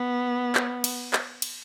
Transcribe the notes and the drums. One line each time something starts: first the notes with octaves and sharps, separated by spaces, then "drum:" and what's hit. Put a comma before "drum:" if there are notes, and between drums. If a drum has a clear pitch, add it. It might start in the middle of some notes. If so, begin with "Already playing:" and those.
Already playing: B3
drum: clap
drum: cymbal
drum: clap
drum: cymbal